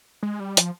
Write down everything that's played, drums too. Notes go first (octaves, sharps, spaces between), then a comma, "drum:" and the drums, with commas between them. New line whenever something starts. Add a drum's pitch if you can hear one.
G#3
G3
F3, drum: hi-hat